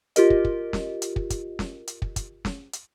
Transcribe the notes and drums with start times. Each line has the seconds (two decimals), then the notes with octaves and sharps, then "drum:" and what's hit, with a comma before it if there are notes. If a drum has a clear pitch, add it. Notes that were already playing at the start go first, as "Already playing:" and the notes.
0.16 F4 G4 A#4 D#5, drum: hi-hat
0.30 drum: kick
0.45 drum: kick
0.73 drum: snare
1.02 drum: hi-hat
1.16 drum: kick
1.30 drum: kick, hi-hat
1.59 drum: snare
1.88 drum: hi-hat
2.02 drum: kick
2.16 drum: kick, hi-hat
2.45 drum: snare
2.73 drum: hi-hat